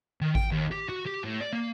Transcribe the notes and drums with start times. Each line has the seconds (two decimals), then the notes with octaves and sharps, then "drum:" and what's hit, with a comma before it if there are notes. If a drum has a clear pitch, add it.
0.21 D#3
0.35 G5, drum: kick G#1
0.51 D#2
0.71 G4
0.89 F#4
1.06 G4
1.24 A2
1.41 D5
1.53 A#3